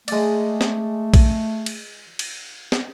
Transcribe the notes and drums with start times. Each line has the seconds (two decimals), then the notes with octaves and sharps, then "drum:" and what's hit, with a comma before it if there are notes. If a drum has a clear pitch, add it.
0.08 G#3 A3 D5, drum: cymbal
0.61 drum: snare
1.14 drum: kick A#1, cymbal
1.66 drum: cymbal
2.19 drum: cymbal
2.72 drum: snare